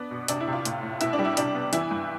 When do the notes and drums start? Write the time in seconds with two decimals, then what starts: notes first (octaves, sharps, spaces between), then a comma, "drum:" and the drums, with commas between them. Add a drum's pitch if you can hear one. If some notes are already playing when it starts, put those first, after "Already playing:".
Already playing: B3 D4
0.11 B2
0.28 C3 D4, drum: hi-hat
0.40 E4
0.47 C3
0.53 F4
0.65 A2, drum: hi-hat
0.83 A2
1.01 B2 E4, drum: hi-hat
1.13 D4
1.19 G3
1.25 E4
1.37 C3 D4, drum: hi-hat
1.55 B3
1.73 E3 E4, drum: hi-hat
1.91 G2